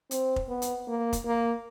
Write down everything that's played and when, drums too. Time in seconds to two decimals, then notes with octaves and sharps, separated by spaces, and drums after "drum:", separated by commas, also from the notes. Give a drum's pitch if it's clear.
0.11 C4, drum: hi-hat
0.36 drum: kick F1
0.48 B3
0.62 drum: hi-hat
0.87 A#3
1.13 drum: kick F1, hi-hat
1.26 A#3